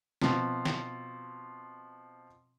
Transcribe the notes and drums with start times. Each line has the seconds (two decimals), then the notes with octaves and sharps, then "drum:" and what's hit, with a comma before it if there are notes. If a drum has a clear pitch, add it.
0.22 B2 F3 C4, drum: snare
0.65 drum: snare